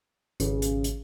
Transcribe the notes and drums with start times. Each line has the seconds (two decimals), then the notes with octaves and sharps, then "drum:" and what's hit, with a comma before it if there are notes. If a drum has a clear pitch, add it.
0.40 G#1 C#3, drum: hi-hat
0.62 drum: hi-hat
0.84 drum: hi-hat